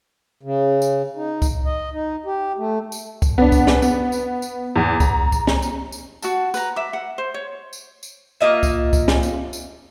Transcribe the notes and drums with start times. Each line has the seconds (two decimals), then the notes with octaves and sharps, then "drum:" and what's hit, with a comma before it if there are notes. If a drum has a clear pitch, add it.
0.43 C#3
0.82 drum: tambourine
1.16 D#4
1.42 drum: kick C2, tambourine
1.65 D#5
1.94 D#4
2.26 G4
2.58 A3
2.92 drum: tambourine
3.22 drum: kick C2, tambourine
3.38 B3 D4
3.52 drum: kick C2, tambourine
3.67 drum: snare
3.82 B3, drum: tambourine
4.12 drum: tambourine
4.42 drum: tambourine
4.76 E2
5.00 A#5, drum: kick C2, tambourine
5.32 drum: kick C2, tambourine
5.47 drum: snare
5.62 drum: tambourine
5.92 drum: tambourine
6.22 F#4 F#5 A5, drum: tambourine
6.54 B4 A#5, drum: tambourine
6.76 E5 D6
6.93 F#5
7.18 C5
7.34 C#5
7.73 drum: tambourine
8.03 drum: tambourine
8.41 A#3 F4 D#5 E5
8.63 drum: kick C2, tambourine
8.93 drum: kick C2, tambourine
9.08 drum: snare
9.23 drum: tambourine
9.53 drum: tambourine